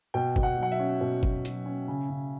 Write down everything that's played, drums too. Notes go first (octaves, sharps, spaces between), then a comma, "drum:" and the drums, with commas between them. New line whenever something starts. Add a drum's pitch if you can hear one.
B2 G5
B2, drum: kick
F#5
F#3
F#5
E5
C#4
B2
B2, drum: kick
F#3, drum: hi-hat
C#4
C#3
C#3